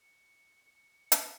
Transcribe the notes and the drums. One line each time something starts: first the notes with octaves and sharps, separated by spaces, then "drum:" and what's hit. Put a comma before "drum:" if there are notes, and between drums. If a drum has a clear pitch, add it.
C#7
drum: hi-hat